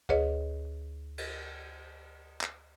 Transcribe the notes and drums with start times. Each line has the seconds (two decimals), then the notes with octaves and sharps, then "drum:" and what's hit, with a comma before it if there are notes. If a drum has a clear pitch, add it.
0.09 D2 G#4 B4 C#5 D#5, drum: kick
1.18 drum: cymbal
2.41 drum: clap